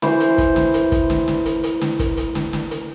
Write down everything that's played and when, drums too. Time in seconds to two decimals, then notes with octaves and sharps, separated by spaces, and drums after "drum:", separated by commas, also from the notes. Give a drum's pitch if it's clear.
0.02 E3 C5, drum: snare
0.20 drum: hi-hat
0.38 drum: kick, hi-hat
0.56 drum: snare
0.74 drum: hi-hat
0.92 drum: kick, hi-hat
1.10 drum: snare
1.28 drum: snare
1.46 drum: hi-hat
1.64 drum: hi-hat
1.81 drum: snare
1.99 drum: kick, hi-hat
2.17 drum: hi-hat
2.35 drum: snare
2.53 drum: snare
2.71 drum: hi-hat